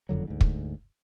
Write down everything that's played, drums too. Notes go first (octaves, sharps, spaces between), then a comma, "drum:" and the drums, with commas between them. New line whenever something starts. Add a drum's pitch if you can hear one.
F#1 F2 D3 F#3
D2 G#2
drum: kick